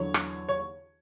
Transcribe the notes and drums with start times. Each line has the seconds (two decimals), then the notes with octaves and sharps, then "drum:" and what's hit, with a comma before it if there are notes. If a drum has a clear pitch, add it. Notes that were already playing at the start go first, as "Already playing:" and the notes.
Already playing: E2 D3 F#3 C#5
0.14 drum: rim click
0.49 C#5